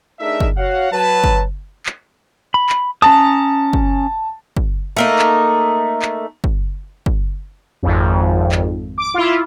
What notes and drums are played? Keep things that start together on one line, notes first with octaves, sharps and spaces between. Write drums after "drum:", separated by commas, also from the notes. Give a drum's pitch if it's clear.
A3 D4 D#4 G#4 A#4 E5
drum: kick
F#4 C#5 F5 F#5
F#3 B4 A5
drum: kick
drum: clap
B5
drum: clap
C#4 A5 A#5 D#6
drum: kick
drum: kick
A3 A#3 D#4
drum: clap
drum: clap
drum: kick
drum: kick
G#1 F2
drum: clap
D6
E4 F4